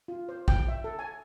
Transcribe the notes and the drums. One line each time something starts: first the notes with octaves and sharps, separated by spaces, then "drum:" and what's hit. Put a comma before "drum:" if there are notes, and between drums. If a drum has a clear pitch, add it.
F4
C5
G5, drum: kick
E5
A4
G#5